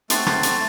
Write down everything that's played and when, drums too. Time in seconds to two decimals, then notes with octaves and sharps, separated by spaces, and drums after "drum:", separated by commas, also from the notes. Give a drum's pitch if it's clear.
0.10 A3 C4 F#4 A5 C6, drum: hi-hat
0.26 drum: rim click
0.43 drum: hi-hat